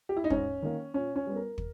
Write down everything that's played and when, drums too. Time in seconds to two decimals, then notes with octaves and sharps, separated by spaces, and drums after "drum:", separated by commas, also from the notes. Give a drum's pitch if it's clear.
0.09 G4
0.17 E4
0.24 D#4
0.30 G#2 C#4, drum: kick
0.62 D#3 A#3
0.94 A#2 C#4
1.16 C#4
1.27 G3 B3
1.36 A#4
1.58 drum: kick